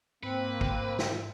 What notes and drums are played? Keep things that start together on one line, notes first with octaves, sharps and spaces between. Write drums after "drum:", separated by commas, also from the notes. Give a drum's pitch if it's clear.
G#2 A#3 C4 B4
drum: kick
drum: snare